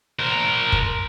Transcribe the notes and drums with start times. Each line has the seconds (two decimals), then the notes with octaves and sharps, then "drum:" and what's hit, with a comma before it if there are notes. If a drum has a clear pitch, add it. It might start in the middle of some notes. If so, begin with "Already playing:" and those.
0.19 A#4 C5
0.72 drum: kick F#1